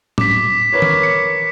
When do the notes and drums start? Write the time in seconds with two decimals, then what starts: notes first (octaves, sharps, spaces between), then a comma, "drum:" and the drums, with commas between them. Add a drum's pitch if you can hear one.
0.18 D6 B6, drum: tom A2
0.73 A#4 B4 C#5
0.82 drum: tom D#3
1.03 C#7